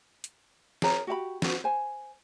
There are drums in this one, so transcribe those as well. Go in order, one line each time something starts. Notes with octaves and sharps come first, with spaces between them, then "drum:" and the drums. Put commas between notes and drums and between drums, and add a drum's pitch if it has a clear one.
drum: hi-hat
G#4 A#4 C#5 A#5, drum: snare
F#4 G4 E5 B5
D4 F#4, drum: snare
C5 G#5